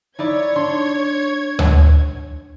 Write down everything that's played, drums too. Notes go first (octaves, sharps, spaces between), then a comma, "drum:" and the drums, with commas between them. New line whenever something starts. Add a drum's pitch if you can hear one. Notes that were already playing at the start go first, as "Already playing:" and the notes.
D#4 E4 C#5 D5 G#6
D4 C6
drum: tom D2